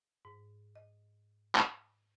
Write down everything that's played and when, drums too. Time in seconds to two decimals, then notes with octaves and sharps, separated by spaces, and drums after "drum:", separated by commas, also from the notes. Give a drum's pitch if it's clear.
0.25 G#2
0.76 D#5
1.55 drum: clap